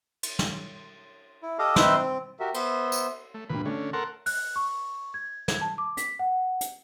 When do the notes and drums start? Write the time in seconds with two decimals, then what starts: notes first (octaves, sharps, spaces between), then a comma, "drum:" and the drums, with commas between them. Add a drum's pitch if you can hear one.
0.23 drum: cymbal
0.39 drum: snare
1.43 E4
1.59 G4 A4 D#5 F5
1.76 C4 D#4 B4 C5 E5 C6, drum: snare
1.96 C4
2.40 F#4 G4 A#4 E5
2.54 B3 C5 E5, drum: cymbal
2.92 drum: tambourine
3.34 A3
3.49 D2 G2 A#2 B4
3.66 D3 A3 C#4
3.93 A4 A#4 F#5 C6
4.26 F#6, drum: open hi-hat
4.56 C#6
5.14 G#6
5.48 G#6, drum: snare
5.61 A5
5.78 D6
5.97 B6, drum: hi-hat
6.19 F#5
6.61 drum: hi-hat